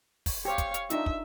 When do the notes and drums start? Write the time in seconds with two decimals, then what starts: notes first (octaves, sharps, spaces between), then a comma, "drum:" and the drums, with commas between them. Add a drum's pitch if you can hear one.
0.26 drum: kick, open hi-hat
0.45 G4 C5 C#5 F5
0.58 drum: kick, hi-hat
0.74 drum: hi-hat
0.90 D4 D#4 F4 E5, drum: hi-hat
1.06 drum: kick